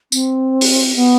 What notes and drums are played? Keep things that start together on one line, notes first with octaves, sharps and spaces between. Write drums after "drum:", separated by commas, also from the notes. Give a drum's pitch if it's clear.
C4, drum: tambourine
drum: open hi-hat
B3